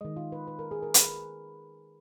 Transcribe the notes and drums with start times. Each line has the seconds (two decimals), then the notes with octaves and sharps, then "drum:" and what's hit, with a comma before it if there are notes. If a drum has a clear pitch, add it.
0.01 D#3 G#3 D#5
0.17 F4
0.32 B4
0.48 B4
0.59 A#4
0.71 G#4
0.83 A#4
0.94 B4, drum: hi-hat